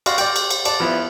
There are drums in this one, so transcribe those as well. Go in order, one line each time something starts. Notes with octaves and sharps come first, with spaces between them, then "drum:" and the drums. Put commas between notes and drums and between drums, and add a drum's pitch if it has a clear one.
F#4 G4 D5 F5 C6 C#6, drum: cymbal
D5 G5, drum: cymbal
drum: cymbal
drum: cymbal
D5 A5, drum: cymbal
F3 B3 E4